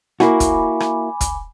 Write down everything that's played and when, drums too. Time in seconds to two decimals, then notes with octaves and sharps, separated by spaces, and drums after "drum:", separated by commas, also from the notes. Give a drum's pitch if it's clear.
0.20 A#3 E4 F#4 G#5 B5 D6, drum: rim click
0.40 drum: kick, hi-hat
0.80 drum: rim click
1.21 drum: kick, hi-hat